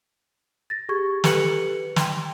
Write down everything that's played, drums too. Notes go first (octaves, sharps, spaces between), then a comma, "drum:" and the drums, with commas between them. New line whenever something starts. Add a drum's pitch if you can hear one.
A6 A#6
G4 G#4 C#6 G#6
G4 A4 B4 F#6 C#7 F#7, drum: snare
G5 C6, drum: snare